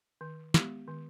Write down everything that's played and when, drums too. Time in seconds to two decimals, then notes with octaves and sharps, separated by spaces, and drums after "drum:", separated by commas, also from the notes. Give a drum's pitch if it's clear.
0.21 D#3
0.54 G#3 B3 G4, drum: snare
0.88 D#3